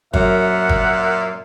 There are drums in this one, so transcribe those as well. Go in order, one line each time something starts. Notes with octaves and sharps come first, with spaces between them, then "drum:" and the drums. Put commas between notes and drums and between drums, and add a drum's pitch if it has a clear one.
F#2 A#2 E5 F#5, drum: kick G1
drum: kick G1